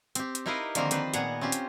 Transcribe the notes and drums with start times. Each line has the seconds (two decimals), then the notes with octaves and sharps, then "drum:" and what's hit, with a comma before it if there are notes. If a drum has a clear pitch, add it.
0.15 C4 G4, drum: hi-hat
0.35 drum: hi-hat
0.46 D#4 E4 A#4 B4 D#5 F5
0.75 D3 D#3 F3 A#3 C4 A#4, drum: hi-hat
0.91 C4 B4 C5, drum: hi-hat
1.14 A#2 B3 G#4 F#5 A#5, drum: hi-hat
1.41 C4 C#4 F4 G4
1.52 drum: hi-hat